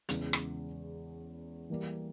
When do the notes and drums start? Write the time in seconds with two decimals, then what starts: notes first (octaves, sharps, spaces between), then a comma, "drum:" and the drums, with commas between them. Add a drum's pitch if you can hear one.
0.09 E2 C#3 E3 G#3, drum: hi-hat
0.33 drum: rim click
1.70 E3 G3 A#3